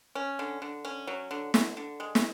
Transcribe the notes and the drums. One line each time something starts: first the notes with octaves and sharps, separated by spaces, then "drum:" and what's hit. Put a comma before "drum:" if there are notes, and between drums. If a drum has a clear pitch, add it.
C#4
D3
D3
C#4
F#3
D3
D3, drum: snare
D3
G#3
drum: snare